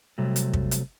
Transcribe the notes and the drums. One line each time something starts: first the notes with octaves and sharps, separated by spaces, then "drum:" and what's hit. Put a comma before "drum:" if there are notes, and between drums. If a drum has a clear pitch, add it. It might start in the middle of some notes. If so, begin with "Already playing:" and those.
C3 F#3 G3 A3
drum: hi-hat
drum: kick
drum: hi-hat